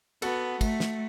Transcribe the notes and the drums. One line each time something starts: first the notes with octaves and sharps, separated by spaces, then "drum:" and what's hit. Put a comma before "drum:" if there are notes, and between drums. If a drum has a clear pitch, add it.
B3 F#4 A4, drum: cymbal
A3, drum: kick, cymbal
drum: snare